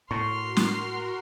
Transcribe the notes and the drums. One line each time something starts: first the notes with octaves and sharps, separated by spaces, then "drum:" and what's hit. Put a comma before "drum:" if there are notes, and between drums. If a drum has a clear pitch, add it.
A2 F#4 A#4 C6 C#6 F6
drum: snare